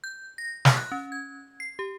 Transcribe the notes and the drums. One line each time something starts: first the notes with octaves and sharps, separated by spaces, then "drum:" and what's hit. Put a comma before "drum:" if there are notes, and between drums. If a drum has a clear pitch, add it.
G6
A#6
drum: snare
F#6
C#4
G#6
C7
G4